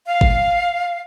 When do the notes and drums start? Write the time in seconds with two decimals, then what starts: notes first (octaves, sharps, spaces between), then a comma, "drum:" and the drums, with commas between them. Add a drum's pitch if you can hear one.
0.06 F5
0.21 drum: kick G1